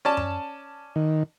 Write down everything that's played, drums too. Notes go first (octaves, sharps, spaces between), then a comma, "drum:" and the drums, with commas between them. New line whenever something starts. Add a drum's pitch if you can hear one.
C#4 D5 A5
drum: tom F#2
D#3